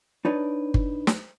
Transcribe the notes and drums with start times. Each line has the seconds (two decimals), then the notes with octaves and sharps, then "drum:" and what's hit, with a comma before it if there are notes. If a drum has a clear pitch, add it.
0.25 D4 D#4 B4 C#5 D5
0.74 drum: kick G1
1.07 drum: snare